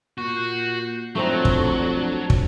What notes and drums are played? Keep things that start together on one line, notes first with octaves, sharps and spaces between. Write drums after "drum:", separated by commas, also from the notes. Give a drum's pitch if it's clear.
A#2 F#4 F#6 G6 C7
F2 F#3 A3 C4 D4 D#4 A5
drum: kick
drum: kick